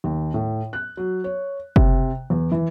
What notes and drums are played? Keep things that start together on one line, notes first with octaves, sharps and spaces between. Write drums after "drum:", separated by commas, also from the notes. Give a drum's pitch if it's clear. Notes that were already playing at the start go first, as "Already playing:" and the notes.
D#2
A2
F#6
F#3
C#5
C3, drum: kick F#1
E2
E3